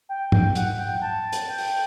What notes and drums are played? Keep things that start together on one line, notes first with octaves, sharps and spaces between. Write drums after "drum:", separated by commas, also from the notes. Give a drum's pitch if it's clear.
G5
G5, drum: tom G#2
F#5, drum: hi-hat
G5
A5
drum: hi-hat
G5
drum: open hi-hat